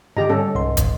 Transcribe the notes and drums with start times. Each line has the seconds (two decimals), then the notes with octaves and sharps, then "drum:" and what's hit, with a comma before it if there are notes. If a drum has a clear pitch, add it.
0.17 G#2 D3 G4 D#5 A#5
0.29 G3 C#4 A4
0.55 C2 G#2 C6
0.77 drum: kick, hi-hat